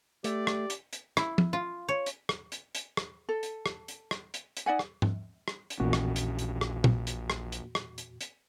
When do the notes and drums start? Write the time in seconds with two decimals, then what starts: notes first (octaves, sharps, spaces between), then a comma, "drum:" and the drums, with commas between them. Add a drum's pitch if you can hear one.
0.24 A3 G4 D5, drum: hi-hat
0.47 drum: rim click
0.70 drum: hi-hat
0.93 drum: hi-hat
1.17 E4, drum: rim click
1.38 drum: tom
1.53 F4
1.89 C#5
2.06 drum: hi-hat
2.29 drum: rim click
2.52 drum: hi-hat
2.75 drum: hi-hat
2.97 drum: rim click
3.29 A4
3.43 drum: hi-hat
3.66 drum: rim click
3.88 drum: hi-hat
4.11 drum: rim click
4.34 drum: hi-hat
4.57 drum: hi-hat
4.66 D#4 D5 F#5 G#5
4.79 drum: rim click
5.02 drum: tom G#2
5.48 drum: rim click
5.70 drum: hi-hat
5.80 A#1 E2 A#2 C#4 F#4
5.93 drum: rim click
6.16 drum: hi-hat
6.39 drum: hi-hat
6.61 drum: rim click
6.84 drum: tom
7.07 drum: hi-hat
7.30 drum: rim click
7.52 drum: hi-hat
7.75 drum: rim click
7.98 drum: hi-hat
8.21 drum: hi-hat